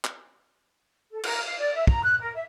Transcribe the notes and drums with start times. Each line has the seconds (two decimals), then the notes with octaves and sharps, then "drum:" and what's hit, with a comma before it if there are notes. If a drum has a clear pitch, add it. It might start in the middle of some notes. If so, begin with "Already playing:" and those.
0.04 drum: clap
1.11 A4
1.23 A#4, drum: cymbal
1.45 F5
1.58 D5
1.74 E5
1.87 A#5, drum: kick
2.03 F#6
2.20 A#4
2.35 E5